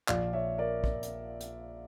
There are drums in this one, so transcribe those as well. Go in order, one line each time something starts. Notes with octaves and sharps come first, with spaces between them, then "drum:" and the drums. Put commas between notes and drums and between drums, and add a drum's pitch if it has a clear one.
A#1 A#2 F3 D5 F5, drum: clap
C#5 E5
A#4 D5
drum: kick A#1
drum: hi-hat
drum: hi-hat